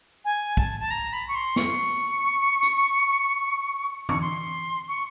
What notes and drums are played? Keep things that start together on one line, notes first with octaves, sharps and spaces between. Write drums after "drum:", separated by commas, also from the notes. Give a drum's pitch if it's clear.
G#5
A5, drum: kick
A5
A#5
B5
C#6
C6
C#6, drum: snare
drum: hi-hat
C#6, drum: tom E3
C6
C#6